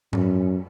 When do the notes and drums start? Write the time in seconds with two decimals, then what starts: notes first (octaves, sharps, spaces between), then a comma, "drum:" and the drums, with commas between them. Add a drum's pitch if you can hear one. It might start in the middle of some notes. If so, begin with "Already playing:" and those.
0.13 F#2, drum: tom G#2